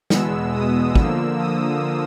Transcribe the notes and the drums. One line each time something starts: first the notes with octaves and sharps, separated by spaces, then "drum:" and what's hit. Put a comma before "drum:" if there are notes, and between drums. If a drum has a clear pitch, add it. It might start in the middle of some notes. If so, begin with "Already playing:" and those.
E2 B2 G#3 B3 E6, drum: snare
D#6
D3 F3 A#3 E6, drum: kick
D#6